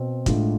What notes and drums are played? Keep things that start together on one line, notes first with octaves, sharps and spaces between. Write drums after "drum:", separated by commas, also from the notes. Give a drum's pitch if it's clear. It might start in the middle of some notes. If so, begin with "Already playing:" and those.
Already playing: B2 C4
A2 G#3 D4 F4, drum: kick, hi-hat